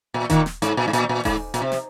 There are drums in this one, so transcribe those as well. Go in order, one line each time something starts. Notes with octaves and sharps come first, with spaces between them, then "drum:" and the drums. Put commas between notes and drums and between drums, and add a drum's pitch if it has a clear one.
A#2
A#2 D#3, drum: kick D#1, hi-hat
drum: snare
G#2, drum: hi-hat
A#2
G#2
A#2, drum: hi-hat
A#2
G#2, drum: kick D#1, open hi-hat
A#2, drum: hi-hat
C3
drum: snare